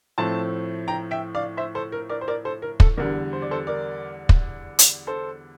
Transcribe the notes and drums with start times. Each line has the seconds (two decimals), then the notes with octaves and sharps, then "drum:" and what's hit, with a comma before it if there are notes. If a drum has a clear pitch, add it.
0.18 A2 F3 A3 C4 A5 C6
0.88 G5 A#5
1.11 E5 G5
1.35 D5 F5
1.57 C5 E5
1.75 A4 C5
1.92 A#4
2.09 A#4 D5
2.21 C5
2.28 A#4 D5
2.45 A4 C5
2.62 A#4
2.80 A4, drum: kick
2.97 E2 D3 G3 A#4
3.33 C5
3.42 D5
3.51 A4 C5
3.67 A#4 D5
4.29 drum: kick
4.79 drum: hi-hat
5.07 A4 C5